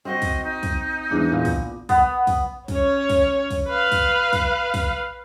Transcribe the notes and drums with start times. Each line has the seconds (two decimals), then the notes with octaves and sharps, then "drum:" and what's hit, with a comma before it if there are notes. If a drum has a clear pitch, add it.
0.05 C4 F#4 C5 D#5
0.22 drum: kick, open hi-hat
0.44 D#4
0.63 drum: kick, open hi-hat
1.11 E2 G#2 D4
1.32 A#2 B3
1.45 drum: kick, open hi-hat
1.89 B3, drum: kick, open hi-hat
2.27 drum: kick, open hi-hat
2.68 C#4 C#5, drum: kick, open hi-hat
3.09 drum: kick, open hi-hat
3.51 drum: kick, open hi-hat
3.68 B4 F5
3.92 drum: kick, open hi-hat
4.33 drum: kick, open hi-hat
4.74 drum: kick, open hi-hat